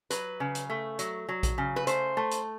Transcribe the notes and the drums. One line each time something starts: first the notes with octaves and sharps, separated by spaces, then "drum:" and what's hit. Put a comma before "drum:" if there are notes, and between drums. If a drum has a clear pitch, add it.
F#3 B4, drum: hi-hat
C#3
drum: hi-hat
A3
F#3, drum: hi-hat
F#3
drum: kick A#1, hi-hat
C#3
B4
A3 C5, drum: hi-hat
A3
drum: hi-hat